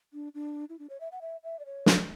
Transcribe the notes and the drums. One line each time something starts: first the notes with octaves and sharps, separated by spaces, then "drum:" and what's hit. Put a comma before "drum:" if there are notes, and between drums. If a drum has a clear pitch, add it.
D4
D4
E4
D4
C#5
E5
F#5
E5
E5
D5
C#5
drum: snare